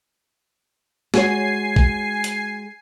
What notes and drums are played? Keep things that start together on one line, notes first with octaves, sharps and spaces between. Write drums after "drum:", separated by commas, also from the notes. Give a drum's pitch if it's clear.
G#3 F#4 C#5 G#5 C7, drum: snare
drum: kick
drum: hi-hat